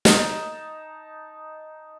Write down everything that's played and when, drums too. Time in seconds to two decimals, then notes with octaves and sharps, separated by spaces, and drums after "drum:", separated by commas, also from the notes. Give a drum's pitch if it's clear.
0.05 D#4 A5 A#5, drum: snare